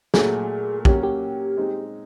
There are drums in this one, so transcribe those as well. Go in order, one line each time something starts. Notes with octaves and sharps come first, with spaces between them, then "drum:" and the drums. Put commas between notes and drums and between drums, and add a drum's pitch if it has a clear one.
A#2 F#3 A3 G#4, drum: snare
F#3 A#3 C#4 G4, drum: kick
G4
G#3 C4 D#4